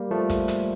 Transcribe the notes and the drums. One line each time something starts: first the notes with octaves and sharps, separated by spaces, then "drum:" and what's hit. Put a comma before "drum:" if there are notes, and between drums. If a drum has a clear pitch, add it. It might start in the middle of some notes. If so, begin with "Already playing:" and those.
Already playing: G3 A#3
F3 A3
drum: kick, hi-hat
drum: hi-hat